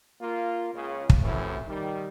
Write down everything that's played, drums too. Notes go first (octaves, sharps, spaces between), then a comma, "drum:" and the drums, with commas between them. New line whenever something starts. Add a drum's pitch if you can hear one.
A#3 F4
C#2 C#3
drum: kick
F#2 A2 C3 E3 A3 E4
D#3 G3